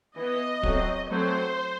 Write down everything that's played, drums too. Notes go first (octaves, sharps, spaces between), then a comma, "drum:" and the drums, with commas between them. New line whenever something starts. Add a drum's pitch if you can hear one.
E3 B3 D#5
F#3 A3 C4, drum: kick
F#3 A3 C4 C5